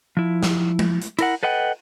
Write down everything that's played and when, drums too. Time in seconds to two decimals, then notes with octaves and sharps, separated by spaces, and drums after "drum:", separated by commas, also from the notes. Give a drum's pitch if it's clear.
0.17 F3 E4
0.43 drum: snare
0.79 drum: tom G#3
1.02 drum: hi-hat
1.19 E4 A#4 F#5, drum: cymbal
1.43 A4 B4 D#5 F#5 G5